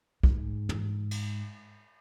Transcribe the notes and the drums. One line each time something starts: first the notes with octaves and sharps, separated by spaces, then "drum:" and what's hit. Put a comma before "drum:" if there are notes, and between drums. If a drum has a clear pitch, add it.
G#2, drum: kick
drum: tom
drum: cymbal